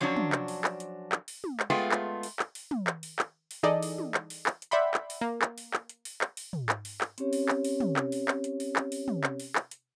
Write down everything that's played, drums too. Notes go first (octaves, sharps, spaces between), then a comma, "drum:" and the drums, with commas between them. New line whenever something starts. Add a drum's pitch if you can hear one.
F3 F#3 C#4 D4 C#5
drum: tom
drum: clap
drum: open hi-hat
drum: clap
drum: hi-hat
drum: clap
drum: open hi-hat
drum: tom
drum: clap
G#3 A3 B3 F4 G#4 G5
drum: clap
drum: open hi-hat
drum: clap
drum: open hi-hat
drum: tom
drum: clap
drum: open hi-hat
drum: clap
drum: open hi-hat
E3 D#4 G#4 A4 D5 D#5
drum: open hi-hat
drum: tom
drum: clap
drum: open hi-hat
drum: clap
drum: hi-hat
D5 E5 F#5 G5 B5 C6
drum: clap
drum: open hi-hat
A#3
drum: clap
drum: open hi-hat
drum: clap
drum: hi-hat
drum: open hi-hat
drum: clap
drum: open hi-hat
drum: tom
drum: clap
drum: open hi-hat
drum: clap
C4 C#4 G4 C#5, drum: hi-hat
drum: open hi-hat
drum: clap
drum: open hi-hat
drum: tom
drum: clap
drum: open hi-hat
drum: clap
drum: hi-hat
drum: open hi-hat
drum: clap
drum: open hi-hat
drum: tom
drum: clap
drum: open hi-hat
drum: clap
drum: hi-hat